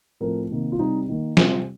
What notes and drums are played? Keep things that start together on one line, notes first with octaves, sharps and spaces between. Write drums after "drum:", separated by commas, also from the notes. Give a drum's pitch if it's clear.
A2 F3 A3 C4 A#4
C3 D#3 A#3
F4
C3 G3 C4 D#4
D#3 A#3
C3 G3 C4 F4, drum: snare